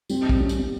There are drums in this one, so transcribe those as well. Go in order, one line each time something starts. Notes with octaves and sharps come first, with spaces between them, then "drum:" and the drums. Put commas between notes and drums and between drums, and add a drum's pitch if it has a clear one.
G3 C4, drum: tambourine
drum: kick
G3 C#4
drum: tambourine
B3